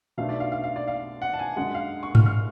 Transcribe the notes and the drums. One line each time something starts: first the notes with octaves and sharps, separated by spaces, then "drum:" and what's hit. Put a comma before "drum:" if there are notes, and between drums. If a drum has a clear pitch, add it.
B1 B2 A3 D4 F4 F5
D5
F5
F5
F5
D5
F5
F#5
A5
G#5
F#2 D3 G#3 F#5
F5
C#6
F6, drum: tom G#2
F6